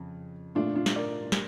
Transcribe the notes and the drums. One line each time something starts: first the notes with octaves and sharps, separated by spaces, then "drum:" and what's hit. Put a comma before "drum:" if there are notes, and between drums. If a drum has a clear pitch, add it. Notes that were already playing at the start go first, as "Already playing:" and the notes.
Already playing: F2 C#3
A#2 A3 D4 F4
D4 F4
drum: snare
A#4 D5
drum: snare